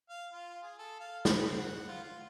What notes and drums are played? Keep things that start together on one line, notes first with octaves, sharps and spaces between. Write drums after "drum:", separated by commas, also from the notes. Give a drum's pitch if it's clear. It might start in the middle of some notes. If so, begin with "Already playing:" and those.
F5
F4
G#4
A4
F5
B5, drum: snare
C4
F#5
F4
F4